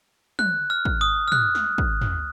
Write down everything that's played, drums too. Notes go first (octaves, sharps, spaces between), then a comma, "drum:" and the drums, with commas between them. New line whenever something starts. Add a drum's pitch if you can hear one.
F#6, drum: tom
F6
drum: kick
D#6
F6
F#6, drum: tom
drum: snare
drum: kick
drum: tom